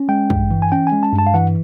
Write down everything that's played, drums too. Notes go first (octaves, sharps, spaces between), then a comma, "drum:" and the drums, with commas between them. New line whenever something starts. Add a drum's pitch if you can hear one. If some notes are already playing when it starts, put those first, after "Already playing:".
Already playing: C#4
G#3 G5
G2, drum: kick
E3
G#5
C#4 G5
G#3 G#5
A5
G2
A5
F5
E3 F#5